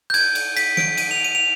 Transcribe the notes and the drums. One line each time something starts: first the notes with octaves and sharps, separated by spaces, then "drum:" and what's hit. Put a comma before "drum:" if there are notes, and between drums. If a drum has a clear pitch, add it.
G6
G#6, drum: cymbal
drum: cymbal
B6, drum: cymbal
D7, drum: snare
D#7, drum: cymbal
F7
D#7
F7